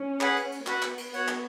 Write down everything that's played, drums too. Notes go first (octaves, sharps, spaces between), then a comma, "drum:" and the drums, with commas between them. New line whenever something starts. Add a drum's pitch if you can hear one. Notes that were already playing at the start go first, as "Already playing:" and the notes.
Already playing: C#4
G#4 B4 F#5, drum: clap
drum: cymbal
drum: cymbal
B3 F#4 B4 F#5, drum: clap
drum: clap
drum: cymbal
F#4 C#5 F#5, drum: cymbal
drum: clap